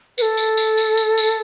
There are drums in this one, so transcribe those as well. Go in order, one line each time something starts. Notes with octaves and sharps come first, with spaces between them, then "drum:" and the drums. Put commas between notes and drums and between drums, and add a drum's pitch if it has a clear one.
B4, drum: tambourine
A4
drum: tambourine
drum: tambourine
drum: tambourine
drum: tambourine
drum: tambourine